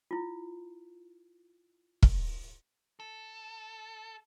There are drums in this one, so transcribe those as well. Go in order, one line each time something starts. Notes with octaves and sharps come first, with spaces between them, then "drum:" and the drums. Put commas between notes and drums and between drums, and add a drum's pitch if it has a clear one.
E4 F4
drum: kick
A4